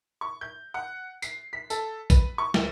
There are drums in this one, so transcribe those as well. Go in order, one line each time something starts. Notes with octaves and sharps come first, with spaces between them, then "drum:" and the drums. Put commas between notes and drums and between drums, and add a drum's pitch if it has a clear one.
C#6
G6
F#5
C7, drum: tambourine
B6
A4, drum: tambourine
B4, drum: kick A1, tambourine
C#6
D2, drum: snare